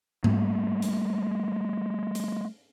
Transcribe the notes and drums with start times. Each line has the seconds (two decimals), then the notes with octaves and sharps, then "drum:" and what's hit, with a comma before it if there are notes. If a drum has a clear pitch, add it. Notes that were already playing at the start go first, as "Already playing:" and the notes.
0.24 G3 A3 A#3, drum: tom G#2
0.82 drum: hi-hat
2.15 drum: hi-hat